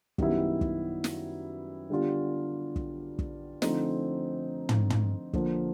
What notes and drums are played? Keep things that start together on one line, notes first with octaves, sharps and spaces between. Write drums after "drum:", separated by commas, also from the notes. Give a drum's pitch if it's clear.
F#2 D#3 G3 B3 E4, drum: kick
drum: kick
drum: snare
D3 G3 B3 D4 F4
drum: kick
drum: kick
D3 F3 A3 C4 D#4, drum: snare
drum: tom
drum: tom
D3 F3 A#3, drum: kick